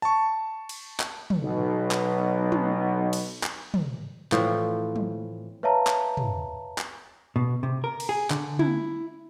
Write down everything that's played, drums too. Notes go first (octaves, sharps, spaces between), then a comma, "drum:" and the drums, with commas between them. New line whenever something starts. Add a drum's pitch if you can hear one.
A5 C#6
drum: cymbal
drum: clap
drum: tom
B1 B2
drum: clap
drum: tom
drum: cymbal
drum: clap
drum: tom
A2 E3 F3 C4, drum: clap
drum: tom
B4 C#5 E5 F5 A5 A#5
drum: clap
drum: tom
drum: clap
B2
C3
A#4
drum: cymbal
G#4
D3, drum: clap
E4, drum: tom